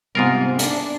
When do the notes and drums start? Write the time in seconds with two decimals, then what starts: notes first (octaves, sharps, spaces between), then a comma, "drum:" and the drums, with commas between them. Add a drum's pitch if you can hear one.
0.15 G#2 C3 G3 B3 F4 A#4 D#6
0.59 D4, drum: hi-hat